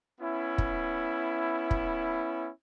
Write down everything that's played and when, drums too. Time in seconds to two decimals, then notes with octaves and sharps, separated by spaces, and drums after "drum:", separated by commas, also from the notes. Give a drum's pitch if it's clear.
0.21 B3 C#4 E4
0.58 drum: kick
1.71 drum: kick